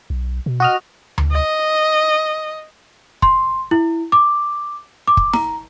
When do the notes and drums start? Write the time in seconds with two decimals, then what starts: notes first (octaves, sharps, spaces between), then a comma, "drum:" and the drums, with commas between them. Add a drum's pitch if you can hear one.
0.10 B1
0.46 B2
0.60 F#4 D#5 F6
1.18 drum: tom D2
1.32 D#5
3.22 C6, drum: kick
3.71 E4
4.12 D6
5.07 D6
5.17 drum: kick
5.34 A#5, drum: snare